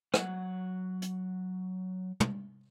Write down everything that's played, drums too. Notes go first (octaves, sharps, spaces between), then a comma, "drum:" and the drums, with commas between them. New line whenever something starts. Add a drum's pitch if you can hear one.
F#3 F#5, drum: rim click
drum: hi-hat
drum: tom